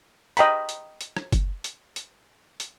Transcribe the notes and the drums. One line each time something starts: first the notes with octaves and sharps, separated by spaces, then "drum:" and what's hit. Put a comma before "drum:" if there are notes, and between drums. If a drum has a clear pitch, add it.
D#5 G5 A#5 B5, drum: hi-hat
drum: hi-hat
drum: hi-hat
drum: rim click
drum: kick F#1, hi-hat
drum: hi-hat
drum: hi-hat
drum: hi-hat